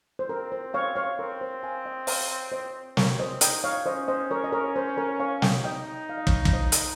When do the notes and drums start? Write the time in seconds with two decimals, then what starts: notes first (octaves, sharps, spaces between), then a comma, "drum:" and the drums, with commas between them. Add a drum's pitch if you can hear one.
0.19 C5
0.29 C4 A#4
0.52 C5
0.74 C#5 F5
0.96 C#5 F5
1.19 C4 A#4
1.41 C5
1.63 F5 G#5
1.85 D#5 G5
2.07 C#5 F5, drum: open hi-hat
2.52 C5 D#5
2.97 C4 A#4 C#5, drum: snare
3.19 C5 D#5
3.41 D#4 D#5 G5, drum: hi-hat
3.64 C#5 F5
3.86 C#4 C5 D#5
4.08 C5 D#5
4.31 A#4 C#5
4.44 D#5
4.52 A#4 C#5
4.76 C5
4.97 A#4 C#5
5.20 C#5 F5
5.42 D#5 G5, drum: snare
5.64 D#4 D#5 G5
6.09 F5
6.18 D#5
6.27 C#5 F5, drum: kick
6.45 F5, drum: kick
6.53 C5 D#5
6.72 drum: hi-hat